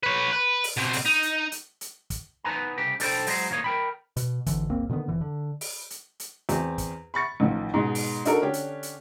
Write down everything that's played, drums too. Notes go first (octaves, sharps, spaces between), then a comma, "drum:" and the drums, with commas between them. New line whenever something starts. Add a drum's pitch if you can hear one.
B4 C#5
B4
drum: open hi-hat
B2 C4
drum: open hi-hat
D#4
drum: hi-hat
drum: hi-hat
drum: hi-hat
drum: kick, hi-hat
B3 D#4 B4 G#5 A#5
C2 C#3 G4
B1 D4 A4 A#4 C5 G5, drum: open hi-hat
F#3 G#3 A#4 C5, drum: open hi-hat
D#2 A#2 A#3 C#4 C#5 D#5
A#4 G5 B5
B2, drum: hi-hat
G#1 D2 D3 E3, drum: kick, hi-hat
G1 C#2 A#3 C4
A#2 D3 D#3 B3
F1 E3
D3
drum: open hi-hat
drum: hi-hat
drum: hi-hat
E2 C4, drum: hi-hat
drum: kick, hi-hat
B5 C#6 A6 C#7
A1 D#3 F3
G#2 B2 G#3
drum: open hi-hat
D4 D#4 F#4 A4 A#4, drum: hi-hat
D3 C#4 D4 G4
drum: hi-hat
drum: hi-hat